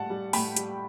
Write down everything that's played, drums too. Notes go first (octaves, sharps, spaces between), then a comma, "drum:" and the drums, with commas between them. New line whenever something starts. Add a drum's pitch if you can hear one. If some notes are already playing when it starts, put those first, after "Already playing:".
Already playing: A2 G3 F#5 A5
G3
A2 G5 B5, drum: open hi-hat
G3, drum: hi-hat